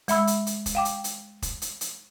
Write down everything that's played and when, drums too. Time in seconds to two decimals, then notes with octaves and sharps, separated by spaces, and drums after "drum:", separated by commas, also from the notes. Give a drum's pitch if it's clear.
0.08 G#3 E5 B5 E6, drum: hi-hat
0.27 drum: hi-hat
0.47 drum: hi-hat
0.66 drum: kick F1, hi-hat
0.75 F5 G5 D6
0.85 drum: hi-hat
1.04 drum: hi-hat
1.42 drum: kick F1, hi-hat
1.62 drum: hi-hat
1.81 drum: hi-hat